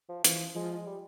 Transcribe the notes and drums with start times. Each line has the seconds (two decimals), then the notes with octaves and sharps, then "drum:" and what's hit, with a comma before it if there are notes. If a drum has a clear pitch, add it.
0.09 F3
0.24 E3 F3, drum: hi-hat
0.55 F3 G#3
0.74 G#3
0.86 G3